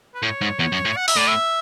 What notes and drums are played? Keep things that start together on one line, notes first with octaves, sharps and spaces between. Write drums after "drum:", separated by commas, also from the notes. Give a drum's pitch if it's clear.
B4
A2 C#5
G#2
E2
F#2
A2
F#5
E5, drum: open hi-hat
A2 D5
E5